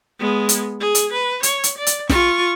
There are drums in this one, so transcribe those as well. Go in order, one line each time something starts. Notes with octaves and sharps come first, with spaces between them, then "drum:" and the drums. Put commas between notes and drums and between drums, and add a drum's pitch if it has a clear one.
G#3 B3
drum: hi-hat
G#4
drum: hi-hat
B4
C#5, drum: hi-hat
drum: hi-hat
D5
drum: hi-hat
F4 C#6, drum: snare